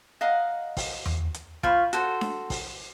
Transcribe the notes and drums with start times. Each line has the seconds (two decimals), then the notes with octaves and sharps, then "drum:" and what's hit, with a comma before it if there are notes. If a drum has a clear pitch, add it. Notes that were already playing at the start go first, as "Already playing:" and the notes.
0.21 D#5 F5 F#5 A#5
0.77 drum: kick, open hi-hat
1.06 drum: tom E2
1.34 drum: hi-hat
1.63 F4 C5 B5 C#6, drum: kick
1.93 F#4 A4 C5, drum: hi-hat
2.21 drum: snare D4
2.50 drum: kick, open hi-hat